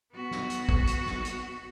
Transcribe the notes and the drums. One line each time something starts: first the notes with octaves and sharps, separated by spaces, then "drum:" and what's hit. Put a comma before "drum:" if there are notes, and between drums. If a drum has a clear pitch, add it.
B3 F#4
drum: snare
drum: hi-hat
drum: kick
drum: hi-hat
drum: snare
drum: hi-hat